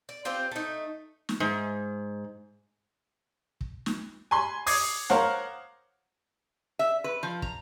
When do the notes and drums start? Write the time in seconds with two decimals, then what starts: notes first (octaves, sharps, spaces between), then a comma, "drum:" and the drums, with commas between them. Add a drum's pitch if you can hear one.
0.09 D5
0.25 C4 F4 G4 C5
0.51 A3 D#4
1.29 drum: snare
1.40 G#2
3.61 drum: kick
3.86 drum: snare
4.31 G#5 B5 C6
4.67 D6 D#6 G#6 C7, drum: open hi-hat
5.10 A#4 C5 C#5 F5 F#5, drum: snare
6.79 E5
7.04 B4
7.23 F3
7.42 A#5, drum: kick